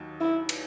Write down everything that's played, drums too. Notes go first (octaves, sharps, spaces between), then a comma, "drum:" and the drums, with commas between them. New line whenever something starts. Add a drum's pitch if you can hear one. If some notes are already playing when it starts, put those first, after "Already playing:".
Already playing: D#2 D#3 F#3
E4
drum: cymbal